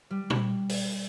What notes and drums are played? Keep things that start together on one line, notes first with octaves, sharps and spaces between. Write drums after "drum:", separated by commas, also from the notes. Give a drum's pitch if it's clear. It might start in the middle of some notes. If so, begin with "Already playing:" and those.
G3
drum: tom A#2
drum: open hi-hat